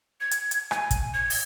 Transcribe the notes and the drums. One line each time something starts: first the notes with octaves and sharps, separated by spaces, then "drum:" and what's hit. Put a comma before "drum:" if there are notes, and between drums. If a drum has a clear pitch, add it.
G#6
drum: hi-hat
drum: hi-hat
G#5, drum: rim click
drum: kick, hi-hat
G#6
drum: open hi-hat